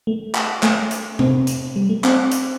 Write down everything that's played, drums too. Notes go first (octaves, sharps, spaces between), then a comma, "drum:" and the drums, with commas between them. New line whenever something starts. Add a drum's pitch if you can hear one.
A3
drum: clap
A3, drum: clap
drum: hi-hat
C4, drum: tom C3
drum: hi-hat
G3
A3
C4, drum: clap
drum: hi-hat